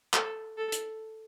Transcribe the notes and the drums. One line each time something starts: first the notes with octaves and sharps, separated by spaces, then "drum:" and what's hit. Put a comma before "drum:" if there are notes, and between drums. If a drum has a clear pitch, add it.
A4, drum: clap
A4
drum: hi-hat